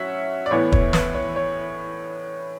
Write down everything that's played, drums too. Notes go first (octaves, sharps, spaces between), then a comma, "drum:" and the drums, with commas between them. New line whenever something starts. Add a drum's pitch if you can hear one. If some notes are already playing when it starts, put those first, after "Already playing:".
Already playing: F#3 C#4 C#5 E5 F#5
D5
A2 E3 B3 E4 C#5
C#5, drum: kick
B4, drum: snare
C#5
C#5